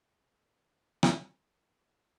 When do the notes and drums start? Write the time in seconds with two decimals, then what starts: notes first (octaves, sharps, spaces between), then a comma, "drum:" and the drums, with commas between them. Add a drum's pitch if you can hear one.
0.22 E4
1.03 drum: rim click
1.40 F4